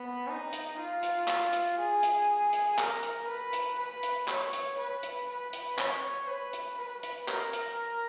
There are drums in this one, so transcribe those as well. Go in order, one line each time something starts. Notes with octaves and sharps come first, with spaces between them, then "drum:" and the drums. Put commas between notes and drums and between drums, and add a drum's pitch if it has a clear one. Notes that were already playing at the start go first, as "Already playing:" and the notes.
Already playing: B3
D#4
drum: hi-hat
F4
drum: hi-hat
drum: clap
drum: hi-hat
G#4
drum: hi-hat
drum: hi-hat
A#4, drum: clap
drum: hi-hat
B4
drum: hi-hat
B4
drum: hi-hat
C#5, drum: clap
drum: hi-hat
B4
drum: hi-hat
B4
drum: hi-hat
C#5, drum: clap
B4
drum: hi-hat
B4
drum: hi-hat
A#4, drum: clap
drum: hi-hat